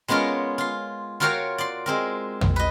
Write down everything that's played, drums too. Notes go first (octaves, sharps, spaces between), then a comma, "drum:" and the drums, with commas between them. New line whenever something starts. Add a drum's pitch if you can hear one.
G#3 B3 C#4 F4 A#4
F4 C6
F4 F#4 A#4 C#5 F5 G5
D5 C6
G#3 C4 A#4
drum: tom
B4 D#5